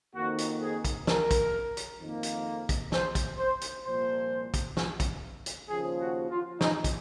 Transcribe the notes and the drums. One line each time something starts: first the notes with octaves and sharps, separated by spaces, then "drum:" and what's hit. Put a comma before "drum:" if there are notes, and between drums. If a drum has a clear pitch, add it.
F2 D#3 A#3 F#4
drum: hi-hat
G#4
drum: kick, hi-hat
A#4, drum: snare
drum: kick, hi-hat
drum: hi-hat
F2 D#3 A#3
drum: hi-hat
drum: kick, hi-hat
C5, drum: snare
drum: kick, hi-hat
C5
drum: hi-hat
C2 A#2 F3 C5
drum: kick, hi-hat
drum: snare
drum: kick, hi-hat
drum: hi-hat
D#2 C#3 F3 G#4
F#4
F4
D#4, drum: snare
drum: kick, hi-hat